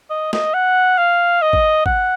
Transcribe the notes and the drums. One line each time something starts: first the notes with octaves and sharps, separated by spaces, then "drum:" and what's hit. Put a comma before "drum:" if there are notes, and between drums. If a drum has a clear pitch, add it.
D#5
D#5, drum: snare
F#5
F5
D#5
drum: kick G#1
F#5, drum: kick G#1